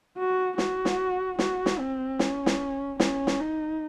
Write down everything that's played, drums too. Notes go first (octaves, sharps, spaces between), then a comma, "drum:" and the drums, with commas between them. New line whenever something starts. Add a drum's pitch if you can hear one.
F#4
F#4, drum: snare
drum: snare
F#4, drum: snare
drum: snare
C4
C#4, drum: snare
drum: snare
C#4, drum: snare
drum: snare
D#4